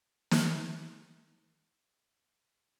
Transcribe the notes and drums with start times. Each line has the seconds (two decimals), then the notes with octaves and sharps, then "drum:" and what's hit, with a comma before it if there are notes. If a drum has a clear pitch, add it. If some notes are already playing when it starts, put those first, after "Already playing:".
0.31 drum: snare
0.54 C#4 E4